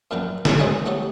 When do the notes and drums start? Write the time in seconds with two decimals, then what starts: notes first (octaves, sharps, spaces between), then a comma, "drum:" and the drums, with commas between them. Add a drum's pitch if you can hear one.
0.11 F#2 A#2 F#3 B4 G5 A#5
0.45 G#2 C#3 G3 C#4, drum: snare
0.59 G#3 C4 G#4 B4 C#5 E5
0.86 A3 B3 D#4 G4 C#5